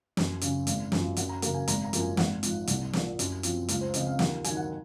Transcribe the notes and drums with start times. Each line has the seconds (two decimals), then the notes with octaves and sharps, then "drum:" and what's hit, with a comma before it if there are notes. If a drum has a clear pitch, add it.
0.17 F#2, drum: snare
0.41 C#3 F#3 C#4, drum: hi-hat
0.67 G#1, drum: hi-hat
0.92 F#2 F3, drum: snare
1.17 F#2 F#5, drum: hi-hat
1.29 A#5
1.42 C#3 F#3 A#3 A#5, drum: hi-hat
1.54 G#5
1.68 G#1 A#5, drum: hi-hat
1.84 A#5
1.93 F#2 F3 A#3 C#4, drum: hi-hat
2.01 G#5
2.17 G#1 F#5, drum: snare
2.43 G#2 F3, drum: hi-hat
2.67 C2, drum: hi-hat
2.93 A#2 F3, drum: snare
3.19 F#2, drum: hi-hat
3.43 F3 C4, drum: hi-hat
3.68 C#2 F5, drum: hi-hat
3.81 C5
3.94 C#3 F3 C4 D#5, drum: hi-hat
4.06 F5
4.19 D#2 F#5, drum: snare
4.44 D#3 F#3 G#5, drum: hi-hat
4.57 F#5